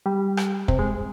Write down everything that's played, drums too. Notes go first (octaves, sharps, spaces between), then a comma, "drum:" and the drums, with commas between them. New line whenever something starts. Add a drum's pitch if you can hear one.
G3
drum: rim click
C3, drum: kick
G#3